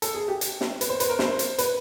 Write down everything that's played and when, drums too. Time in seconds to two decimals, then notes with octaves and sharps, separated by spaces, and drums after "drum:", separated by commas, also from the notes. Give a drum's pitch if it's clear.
0.02 A4, drum: hi-hat
0.15 G#4
0.28 G4
0.41 drum: hi-hat
0.61 drum: snare
0.81 B4, drum: hi-hat
0.89 C5
1.00 B4, drum: hi-hat
1.09 A#4
1.19 C5, drum: snare
1.39 drum: hi-hat
1.58 B4, drum: hi-hat